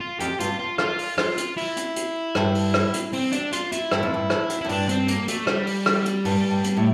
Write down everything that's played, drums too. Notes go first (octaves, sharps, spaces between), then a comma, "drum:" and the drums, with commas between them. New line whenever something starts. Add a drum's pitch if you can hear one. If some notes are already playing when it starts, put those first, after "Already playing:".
F4
F2 G4, drum: hi-hat
G2 F4, drum: hi-hat
F4
F4, drum: rim click
drum: open hi-hat
F4, drum: rim click
drum: hi-hat
E4, drum: open hi-hat
drum: hi-hat
drum: hi-hat
G2, drum: rim click
drum: open hi-hat
drum: rim click
drum: hi-hat
C4, drum: open hi-hat
D4, drum: hi-hat
F4, drum: hi-hat
E4, drum: hi-hat
G2, drum: rim click
F2
G2
drum: rim click
drum: hi-hat
E4
F2
G2 D4, drum: open hi-hat
C4, drum: hi-hat
A#3, drum: hi-hat
A3, drum: hi-hat
G3, drum: rim click
drum: open hi-hat
drum: rim click
drum: hi-hat
G2, drum: open hi-hat
G2
drum: hi-hat
A2